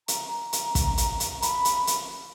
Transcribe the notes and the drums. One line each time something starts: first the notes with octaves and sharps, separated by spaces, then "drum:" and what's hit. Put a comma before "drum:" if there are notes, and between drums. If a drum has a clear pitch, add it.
A#5, drum: hi-hat
drum: hi-hat
drum: kick, hi-hat
drum: hi-hat
drum: hi-hat
B5, drum: hi-hat
drum: hi-hat
drum: hi-hat